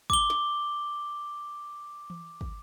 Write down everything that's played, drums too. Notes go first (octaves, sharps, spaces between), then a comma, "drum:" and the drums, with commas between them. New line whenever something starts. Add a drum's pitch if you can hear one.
D6 G7, drum: kick
drum: snare
drum: tom E3
drum: kick